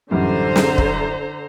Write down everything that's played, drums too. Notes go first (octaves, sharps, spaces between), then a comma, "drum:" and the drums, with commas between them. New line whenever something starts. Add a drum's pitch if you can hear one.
A1 F#2 D3 G3 C5 A#5
drum: snare
drum: kick